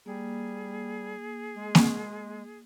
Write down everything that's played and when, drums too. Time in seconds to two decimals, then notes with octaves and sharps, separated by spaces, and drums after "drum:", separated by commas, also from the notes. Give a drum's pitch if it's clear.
0.06 G3 A#3 G#4
1.55 G#3
1.75 drum: snare A#3